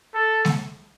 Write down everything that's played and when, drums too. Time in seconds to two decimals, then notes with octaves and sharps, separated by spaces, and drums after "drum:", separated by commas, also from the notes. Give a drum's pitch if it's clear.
0.14 A4
0.45 drum: snare G#3